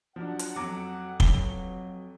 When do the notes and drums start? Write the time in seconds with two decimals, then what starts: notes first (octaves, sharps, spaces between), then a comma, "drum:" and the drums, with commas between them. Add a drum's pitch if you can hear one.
0.16 F3 F#3 D4 F#5
0.39 drum: hi-hat
0.56 F2 F#3 D6
1.20 F#3 F#4 B4 F5 G7, drum: kick